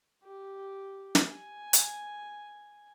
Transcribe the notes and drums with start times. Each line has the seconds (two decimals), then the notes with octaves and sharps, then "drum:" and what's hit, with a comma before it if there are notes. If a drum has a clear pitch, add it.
0.24 G4
1.15 drum: snare
1.26 G#5
1.73 drum: hi-hat